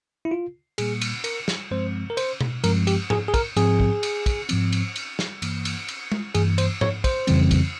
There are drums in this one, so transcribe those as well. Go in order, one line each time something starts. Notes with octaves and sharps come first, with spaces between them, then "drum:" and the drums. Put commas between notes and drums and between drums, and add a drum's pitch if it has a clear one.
E4
F4
A#2 G3 A#3 G#4, drum: cymbal
drum: cymbal
A#4, drum: cymbal
drum: snare
G2 F3 G#3 C4 C5
A#4
C5, drum: cymbal
drum: tom B2
G2 F3 G#3 C4 A#4, drum: cymbal
G4, drum: cymbal
G#4, drum: tom G#2
G#4
A#4, drum: kick, cymbal
G#2 F3 C4 G#4, drum: cymbal
drum: kick
drum: cymbal
drum: kick, cymbal
G#2 F3 C4, drum: cymbal
drum: cymbal
drum: cymbal
drum: snare
G2 E3 A#3, drum: cymbal
drum: cymbal
drum: cymbal
drum: tom G#3
G2 E3 A#3 G#4, drum: cymbal
C5, drum: cymbal
C#5, drum: tom G#2
C5, drum: kick, cymbal
F2 C#3 E3 G3 C4, drum: cymbal
drum: kick, cymbal